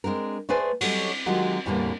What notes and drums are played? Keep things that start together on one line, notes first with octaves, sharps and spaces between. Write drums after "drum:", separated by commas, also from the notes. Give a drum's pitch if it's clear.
G#3 C4 D4 A#4
A3 G#4 B4 C5 D5 G#5
F#3 G3 C#4 A4 D#5, drum: cymbal
D#3 F#3 G#3 F4 G4
E2 A2 D3 G3 A3 A#3